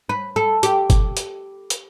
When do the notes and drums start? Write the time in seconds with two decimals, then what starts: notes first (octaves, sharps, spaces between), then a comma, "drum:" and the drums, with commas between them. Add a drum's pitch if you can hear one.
0.09 B4
0.36 A4
0.63 G4, drum: hi-hat
0.90 drum: kick F#1, hi-hat
1.17 drum: hi-hat
1.70 drum: hi-hat